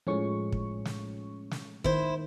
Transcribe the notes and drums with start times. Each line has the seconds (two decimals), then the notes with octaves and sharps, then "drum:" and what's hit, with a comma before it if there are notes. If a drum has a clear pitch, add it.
0.07 A2 F3 G#3 C#4 C#6
0.52 drum: kick
0.85 drum: snare
1.51 drum: snare
1.84 D#3 E4 C5, drum: kick